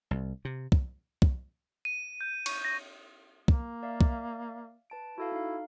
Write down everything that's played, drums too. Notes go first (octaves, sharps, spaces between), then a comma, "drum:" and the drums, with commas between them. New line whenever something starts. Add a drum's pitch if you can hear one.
C2
C3
drum: kick
drum: kick
D#7
G6
C#6, drum: cymbal
A#6
A#3, drum: kick
D5 E5 F5
drum: kick
B4 A5 D7
E4 F#4 A4 F5
D#4 F5